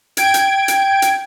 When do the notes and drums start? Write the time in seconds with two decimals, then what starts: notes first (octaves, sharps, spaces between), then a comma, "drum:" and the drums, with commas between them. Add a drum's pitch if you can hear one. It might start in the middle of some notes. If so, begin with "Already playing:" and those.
0.17 G5 G#6 D7, drum: hi-hat
0.34 drum: hi-hat
0.68 drum: hi-hat
1.02 drum: hi-hat